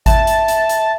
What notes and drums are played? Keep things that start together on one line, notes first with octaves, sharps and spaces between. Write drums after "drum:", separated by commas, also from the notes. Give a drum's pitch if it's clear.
E5 A5, drum: kick G#1, hi-hat
drum: hi-hat
drum: hi-hat
drum: hi-hat